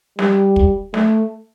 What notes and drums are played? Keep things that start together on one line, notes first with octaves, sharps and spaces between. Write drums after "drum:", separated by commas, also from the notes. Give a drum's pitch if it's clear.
G3, drum: snare
drum: kick
A3, drum: snare